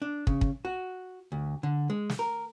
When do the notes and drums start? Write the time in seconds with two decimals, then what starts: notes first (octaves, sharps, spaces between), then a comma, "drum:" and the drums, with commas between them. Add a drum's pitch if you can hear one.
0.02 D4
0.27 C#3, drum: kick
0.41 drum: kick
0.65 F#4
1.32 D2
1.63 D3
1.90 G#3
2.10 drum: snare
2.19 A#4